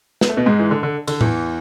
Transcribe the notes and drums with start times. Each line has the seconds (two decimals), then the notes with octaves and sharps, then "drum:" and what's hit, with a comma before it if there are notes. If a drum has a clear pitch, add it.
0.21 B3, drum: snare
0.29 A3
0.37 B2 B3
0.46 G#2 G#3
0.59 E3
0.71 D3
0.83 D3
1.07 D3, drum: cymbal
1.21 E2 E3, drum: tom A2